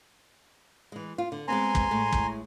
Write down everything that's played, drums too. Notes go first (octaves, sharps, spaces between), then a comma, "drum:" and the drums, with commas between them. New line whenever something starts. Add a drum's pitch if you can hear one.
E3 G#3
F4
D3
G#3 B3 C4 G#5 A#5 C6
drum: kick
A2 G#3 A3
drum: kick